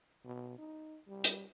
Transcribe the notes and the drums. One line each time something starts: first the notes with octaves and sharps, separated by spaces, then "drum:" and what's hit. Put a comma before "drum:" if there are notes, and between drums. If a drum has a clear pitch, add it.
B2
D#4
G3
drum: hi-hat